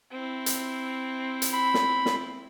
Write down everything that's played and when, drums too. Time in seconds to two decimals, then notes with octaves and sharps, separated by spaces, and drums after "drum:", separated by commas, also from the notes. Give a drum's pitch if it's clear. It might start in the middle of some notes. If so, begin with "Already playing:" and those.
0.11 C4 E4
0.46 drum: hi-hat
1.42 drum: hi-hat
1.53 B5
1.74 drum: snare
2.06 drum: snare